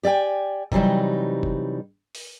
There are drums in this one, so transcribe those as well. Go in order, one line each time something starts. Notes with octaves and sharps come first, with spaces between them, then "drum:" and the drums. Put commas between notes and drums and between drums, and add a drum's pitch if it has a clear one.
G4 D5 E5 G5 G#5
C3 E3 F#3 G3 D#4, drum: kick F#1
drum: kick F#1
drum: open hi-hat